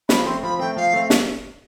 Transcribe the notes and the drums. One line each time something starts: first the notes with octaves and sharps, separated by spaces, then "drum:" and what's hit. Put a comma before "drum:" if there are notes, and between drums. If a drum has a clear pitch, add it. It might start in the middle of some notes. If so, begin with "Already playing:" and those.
F3 B5, drum: snare
A3 C4 C6
F3 B5
A3 C4 G5
F3 F5
A3 C4
drum: snare